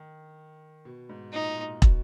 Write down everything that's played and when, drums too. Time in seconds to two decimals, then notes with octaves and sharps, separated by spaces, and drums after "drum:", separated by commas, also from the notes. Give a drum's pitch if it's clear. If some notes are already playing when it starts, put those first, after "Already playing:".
Already playing: D#3
0.85 B2
1.09 G#2
1.33 A#2 D#4
1.57 A#2
1.82 B2, drum: kick